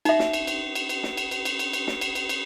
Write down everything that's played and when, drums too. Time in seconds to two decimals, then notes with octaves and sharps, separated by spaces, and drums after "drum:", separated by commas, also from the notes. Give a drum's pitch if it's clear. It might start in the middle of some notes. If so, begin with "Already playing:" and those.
0.05 D#4 E5, drum: cymbal
0.19 drum: snare
0.33 drum: cymbal
0.47 drum: cymbal
0.75 drum: cymbal
0.89 drum: cymbal
1.03 drum: snare
1.17 drum: cymbal
1.31 drum: cymbal
1.45 drum: cymbal
1.59 drum: cymbal
1.73 drum: cymbal
1.87 drum: snare
2.01 drum: cymbal
2.15 drum: cymbal
2.29 drum: cymbal